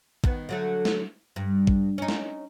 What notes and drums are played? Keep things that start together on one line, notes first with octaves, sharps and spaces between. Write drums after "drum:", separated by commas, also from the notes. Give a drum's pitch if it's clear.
D#3 B3, drum: kick
D3 F#3 A3
drum: snare
G2
drum: kick
C#4 D#4
drum: snare